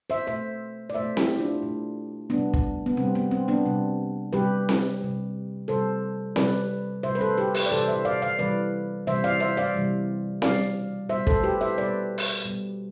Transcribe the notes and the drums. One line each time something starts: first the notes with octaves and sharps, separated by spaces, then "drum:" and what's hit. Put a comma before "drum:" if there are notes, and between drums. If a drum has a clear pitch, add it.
C5 E5
B2 A3 C5 E5
D5
B2 A3 C5 E5
E4 G4, drum: snare C4
D4 F4
B2 A3
C3 G3 B3 D4
drum: kick
B3
C3 G3 C4
B3
C4
B3 D4
C3 G3
C3 G3 G4 B4
drum: snare C4
C3 G3
C3 G3 A4 C5
C3 G3 B4 D5, drum: snare C4
C3 C5 E5
G3
B4
A4 C5
G4 B4
G4 B4, drum: open hi-hat
D5
C3 E3 G3 A4 C5
C5 E5
D5 F5
D5 F5
C3 E3 G3 B4 D5
C3 E3 G3 C5 E5
D5 F5
C5 E5
D5 F5
C3 E3 G3
B2 G3 D5 F5, drum: snare C4
B2 G3 C5 E5
A4 C5, drum: kick
G4 B4
C5 E5
B2 G3 B4 D5
drum: open hi-hat
B2 G3